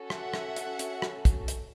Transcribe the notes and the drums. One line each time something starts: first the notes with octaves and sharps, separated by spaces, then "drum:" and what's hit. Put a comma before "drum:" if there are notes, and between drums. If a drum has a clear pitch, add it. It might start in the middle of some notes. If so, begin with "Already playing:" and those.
Already playing: C#4 F#4 A4
E5 F#5, drum: rim click
drum: rim click
drum: hi-hat
drum: hi-hat
drum: rim click
drum: kick, hi-hat
drum: hi-hat